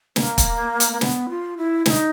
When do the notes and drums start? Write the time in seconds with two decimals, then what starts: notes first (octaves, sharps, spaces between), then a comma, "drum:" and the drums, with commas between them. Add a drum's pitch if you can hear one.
0.16 B3, drum: snare
0.21 A#3
0.38 drum: kick, hi-hat
0.80 drum: hi-hat
0.93 A#3
1.01 B3, drum: snare
1.29 F4
1.57 E4
1.86 E4, drum: snare
1.90 D#4